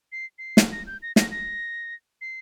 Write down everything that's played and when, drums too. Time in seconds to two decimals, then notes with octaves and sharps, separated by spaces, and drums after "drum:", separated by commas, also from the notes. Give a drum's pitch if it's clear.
0.12 C7
0.39 C7
0.57 drum: snare
0.72 A#6
0.87 G6
1.02 A#6
1.16 A#6, drum: snare
1.31 A#6
2.21 C7